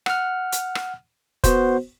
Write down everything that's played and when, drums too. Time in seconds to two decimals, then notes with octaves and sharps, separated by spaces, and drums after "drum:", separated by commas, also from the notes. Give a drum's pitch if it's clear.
0.06 F#5 F6, drum: rim click
0.52 drum: hi-hat
0.75 drum: rim click
1.44 B3 F#4 C5, drum: kick, hi-hat